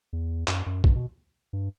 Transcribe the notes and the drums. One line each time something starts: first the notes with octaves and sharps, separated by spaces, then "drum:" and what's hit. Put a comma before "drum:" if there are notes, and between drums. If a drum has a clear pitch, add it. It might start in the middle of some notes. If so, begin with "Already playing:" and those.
E2
F#2, drum: clap
F#2
G2, drum: kick
B2
G2